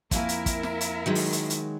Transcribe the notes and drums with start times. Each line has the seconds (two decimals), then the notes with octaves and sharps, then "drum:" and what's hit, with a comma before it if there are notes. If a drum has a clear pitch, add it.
0.11 F2 A#3 E4 A#4 E5 G#5, drum: kick, hi-hat
0.29 drum: hi-hat
0.46 drum: kick, hi-hat
0.63 drum: snare
0.81 drum: hi-hat
1.06 D#3 F#3 G#3
1.15 drum: open hi-hat
1.32 drum: hi-hat
1.50 drum: hi-hat